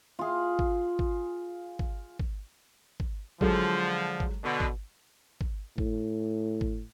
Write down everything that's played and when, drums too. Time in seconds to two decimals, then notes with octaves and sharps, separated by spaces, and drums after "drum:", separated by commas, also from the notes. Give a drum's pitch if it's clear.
0.19 F4 G#4
0.59 drum: kick
0.99 drum: kick
1.79 drum: kick
2.20 drum: kick
3.00 drum: kick
3.41 D3 F3 F#3 G#3 A4, drum: kick
4.20 drum: kick
4.44 B2 D3
4.60 drum: kick
5.41 drum: kick
5.78 A2, drum: kick
6.61 drum: kick